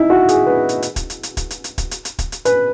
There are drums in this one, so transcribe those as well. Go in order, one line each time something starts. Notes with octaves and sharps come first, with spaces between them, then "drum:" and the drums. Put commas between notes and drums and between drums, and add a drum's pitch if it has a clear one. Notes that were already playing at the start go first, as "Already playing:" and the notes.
Already playing: D#4 E4
F#4
G#4, drum: hi-hat
B4
drum: hi-hat
drum: hi-hat
drum: kick, hi-hat
drum: hi-hat
drum: hi-hat
drum: kick, hi-hat
drum: hi-hat
drum: hi-hat
drum: kick, hi-hat
drum: hi-hat
drum: hi-hat
drum: kick, hi-hat
drum: hi-hat
B4, drum: hi-hat